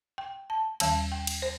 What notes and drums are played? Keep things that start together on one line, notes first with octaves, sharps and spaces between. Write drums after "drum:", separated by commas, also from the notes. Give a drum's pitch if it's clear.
G5
A5
D#2 D#3 G3 A5, drum: cymbal
G5
drum: cymbal
C5